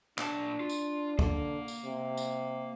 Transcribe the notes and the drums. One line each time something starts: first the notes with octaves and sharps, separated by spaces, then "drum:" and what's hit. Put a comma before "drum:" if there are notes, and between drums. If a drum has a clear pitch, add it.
A#2 D4 A5, drum: clap
F4
drum: tambourine
D3 A#3, drum: kick
drum: tambourine
C3
drum: tambourine